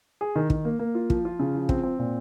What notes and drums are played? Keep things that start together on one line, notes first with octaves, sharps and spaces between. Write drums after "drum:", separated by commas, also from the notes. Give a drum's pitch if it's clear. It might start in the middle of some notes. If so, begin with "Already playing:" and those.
G#4
D#3
D#3, drum: kick
A#3
A#3
F4
F3, drum: kick
F4
C#3
F3
C4, drum: kick
C4
A#2